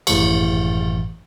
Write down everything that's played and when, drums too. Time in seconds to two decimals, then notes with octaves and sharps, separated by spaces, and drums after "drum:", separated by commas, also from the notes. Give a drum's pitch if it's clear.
0.07 G#1 F#2 A2 E3 C#6, drum: cymbal